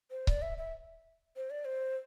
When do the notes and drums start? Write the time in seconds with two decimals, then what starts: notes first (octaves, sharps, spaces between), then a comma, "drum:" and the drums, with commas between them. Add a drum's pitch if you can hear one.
0.11 C5
0.27 D5, drum: kick C#1
0.42 E5
0.58 E5
1.36 C5
1.50 D5
1.65 C5